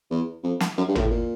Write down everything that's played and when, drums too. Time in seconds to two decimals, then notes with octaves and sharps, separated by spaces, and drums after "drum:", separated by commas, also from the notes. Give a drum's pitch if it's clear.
0.11 E2
0.43 F2
0.60 drum: snare
0.78 F#2
0.88 G2
0.95 A#2, drum: tom
1.00 A2
1.11 A#2